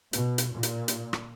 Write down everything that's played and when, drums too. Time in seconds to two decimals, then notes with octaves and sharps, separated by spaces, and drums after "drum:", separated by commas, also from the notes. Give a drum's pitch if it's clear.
0.13 B2, drum: hi-hat
0.38 drum: hi-hat
0.53 A#2
0.63 drum: hi-hat
0.88 drum: hi-hat
1.13 drum: rim click